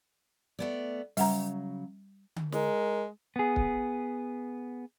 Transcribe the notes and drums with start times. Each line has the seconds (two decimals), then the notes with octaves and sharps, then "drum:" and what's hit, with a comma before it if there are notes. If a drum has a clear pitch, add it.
0.59 A3 B3 D5
1.17 C#3 F#3 G3 F#5 A#5, drum: open hi-hat
2.36 drum: tom D3
2.52 G#3 A#4, drum: snare
3.36 B3 G#4
3.56 drum: kick